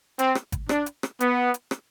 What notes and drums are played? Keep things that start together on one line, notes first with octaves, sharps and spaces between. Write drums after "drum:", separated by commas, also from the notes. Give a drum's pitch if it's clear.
C4, drum: hi-hat
drum: rim click
drum: kick, hi-hat
D4, drum: rim click
drum: hi-hat
drum: rim click
B3, drum: hi-hat
drum: hi-hat
drum: rim click